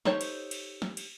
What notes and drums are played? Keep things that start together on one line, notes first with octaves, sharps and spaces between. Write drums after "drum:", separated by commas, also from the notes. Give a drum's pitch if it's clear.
D#4 G4 A4 C5 C#5, drum: snare
drum: cymbal
drum: cymbal
drum: snare
drum: cymbal